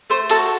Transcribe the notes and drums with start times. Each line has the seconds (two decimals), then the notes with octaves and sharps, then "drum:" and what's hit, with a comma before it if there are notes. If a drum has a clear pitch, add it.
0.10 A3 C5
0.30 F#4 A4, drum: cymbal